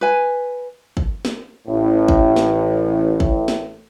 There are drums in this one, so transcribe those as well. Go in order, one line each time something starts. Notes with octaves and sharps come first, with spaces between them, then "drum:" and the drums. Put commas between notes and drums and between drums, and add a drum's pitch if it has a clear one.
B4 G#5
drum: kick
drum: snare
A1 A2
drum: kick
drum: snare
drum: kick
drum: snare